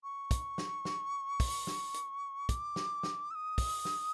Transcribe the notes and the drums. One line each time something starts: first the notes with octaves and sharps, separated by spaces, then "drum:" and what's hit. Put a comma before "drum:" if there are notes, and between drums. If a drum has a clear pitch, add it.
C#6
drum: kick, hi-hat
drum: snare
drum: snare
drum: kick, open hi-hat
drum: snare
drum: hi-hat
D6, drum: kick, hi-hat
drum: snare
drum: snare
E6
D#6
drum: kick, open hi-hat
drum: snare